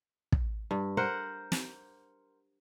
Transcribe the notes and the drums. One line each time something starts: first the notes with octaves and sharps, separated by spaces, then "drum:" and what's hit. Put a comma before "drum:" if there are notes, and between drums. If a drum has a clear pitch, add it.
drum: kick
G2
A#4 C5 F#5
drum: snare